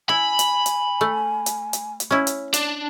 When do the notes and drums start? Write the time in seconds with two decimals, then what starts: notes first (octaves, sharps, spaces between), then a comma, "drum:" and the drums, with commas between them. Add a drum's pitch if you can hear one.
0.09 E4 G#5 B5
0.39 drum: hi-hat
0.66 drum: hi-hat
1.01 A3
1.46 drum: hi-hat
1.73 drum: hi-hat
2.00 drum: hi-hat
2.11 C#4 E4
2.27 drum: hi-hat
2.54 D4, drum: hi-hat